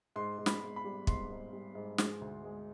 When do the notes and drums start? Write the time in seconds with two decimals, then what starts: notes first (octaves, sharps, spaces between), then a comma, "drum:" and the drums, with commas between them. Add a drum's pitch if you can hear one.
0.16 G#2 C6
0.38 G#2
0.46 B5, drum: snare
0.62 G#2
0.76 B5
0.84 G3
1.07 G#2 C6, drum: kick
1.30 G#2
1.53 G3
1.75 G#2
1.98 G#3, drum: snare
2.21 D2
2.44 G#3